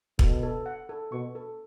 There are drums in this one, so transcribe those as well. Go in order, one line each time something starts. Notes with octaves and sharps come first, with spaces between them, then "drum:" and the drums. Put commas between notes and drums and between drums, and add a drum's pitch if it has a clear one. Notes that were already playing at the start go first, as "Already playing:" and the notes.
B2 A4, drum: kick
A4
F#5
A4
B2 C#6
A4